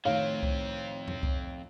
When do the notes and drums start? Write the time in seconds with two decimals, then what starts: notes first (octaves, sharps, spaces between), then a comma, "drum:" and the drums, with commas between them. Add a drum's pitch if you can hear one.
0.05 A2 D#3 F3 C4 C#5 F5
0.43 drum: kick C2
1.08 drum: tom E2
1.23 drum: kick C2